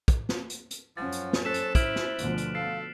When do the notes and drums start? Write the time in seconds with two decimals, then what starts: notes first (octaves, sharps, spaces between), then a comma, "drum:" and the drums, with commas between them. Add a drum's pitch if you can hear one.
0.08 drum: kick, hi-hat
0.29 drum: snare
0.50 drum: hi-hat
0.71 drum: hi-hat
0.97 F#2 F3 C#4 F#5 A6
1.12 drum: hi-hat
1.33 drum: snare
1.45 A4 C5 F#6 B6 E7
1.54 drum: hi-hat
1.75 E4 F6 D7 F#7, drum: kick, hi-hat
1.96 drum: snare
2.18 D2 B2 F3, drum: hi-hat
2.38 drum: hi-hat
2.55 A4 F5 A6 C7